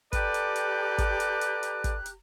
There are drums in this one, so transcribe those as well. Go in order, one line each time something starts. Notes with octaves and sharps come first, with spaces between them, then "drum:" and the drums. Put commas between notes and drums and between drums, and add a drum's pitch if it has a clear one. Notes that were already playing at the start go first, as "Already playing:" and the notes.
G4 A4 B4 D5 A#5 F#6, drum: kick, hi-hat
drum: hi-hat
drum: hi-hat
drum: kick, hi-hat
drum: hi-hat
drum: hi-hat
drum: hi-hat
drum: kick, hi-hat
drum: hi-hat